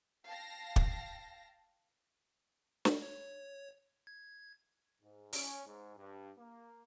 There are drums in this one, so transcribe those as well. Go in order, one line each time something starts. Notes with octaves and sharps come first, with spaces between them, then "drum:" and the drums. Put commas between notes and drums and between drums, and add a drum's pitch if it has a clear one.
F5 G5 A5 A#6
drum: kick
drum: snare
C#5
G#6
G#2
C#4, drum: open hi-hat
G#2
G2
A#3